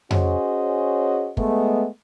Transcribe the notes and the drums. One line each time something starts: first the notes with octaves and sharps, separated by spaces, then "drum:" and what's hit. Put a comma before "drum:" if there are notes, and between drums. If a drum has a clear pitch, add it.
C#4 F#4 G#4 C5 C#5 D#5, drum: tom F2
G#3 A3 B3, drum: kick